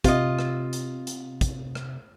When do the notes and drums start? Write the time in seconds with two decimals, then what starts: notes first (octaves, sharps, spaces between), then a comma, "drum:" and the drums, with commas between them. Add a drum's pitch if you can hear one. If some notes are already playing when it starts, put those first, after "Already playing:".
0.04 C3 F4 D#5, drum: kick, hi-hat
0.39 drum: rim click
0.73 drum: hi-hat
1.07 drum: hi-hat
1.41 drum: kick, hi-hat
1.75 drum: rim click